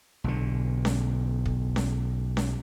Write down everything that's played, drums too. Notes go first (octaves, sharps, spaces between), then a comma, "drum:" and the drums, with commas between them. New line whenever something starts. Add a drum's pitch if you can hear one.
B1 D3
drum: snare C#4
drum: kick
drum: snare C#4
drum: snare C#4